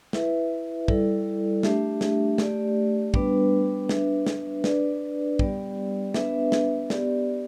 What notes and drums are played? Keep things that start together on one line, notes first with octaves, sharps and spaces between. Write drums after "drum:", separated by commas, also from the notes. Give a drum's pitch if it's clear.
E4 B4 E5, drum: snare
G3 E4 A4 D5, drum: kick
A3 D4 G4 E5, drum: snare
drum: snare
A3 G4 D5, drum: snare
G3 B3 D4 B4, drum: kick
D4 B4 E5, drum: snare
drum: snare
D4 B4 D5, drum: snare
G3 B3 G4 D5, drum: kick
B3 D4 B4 E5, drum: snare
drum: snare
B3 G4 D5, drum: snare